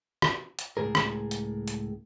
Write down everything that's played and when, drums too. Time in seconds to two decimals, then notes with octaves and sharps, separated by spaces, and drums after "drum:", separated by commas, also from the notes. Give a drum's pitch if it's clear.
0.22 drum: rim click
0.59 drum: hi-hat
0.77 C#2 A2 C#3 G#4 A#4
0.95 drum: rim click
1.31 drum: hi-hat
1.68 drum: hi-hat